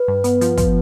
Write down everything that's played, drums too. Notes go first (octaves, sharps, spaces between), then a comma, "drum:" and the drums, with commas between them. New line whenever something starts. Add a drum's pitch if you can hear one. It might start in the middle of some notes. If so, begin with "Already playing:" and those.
Already playing: B4
G2
B3, drum: hi-hat
F3, drum: hi-hat
F3, drum: kick, hi-hat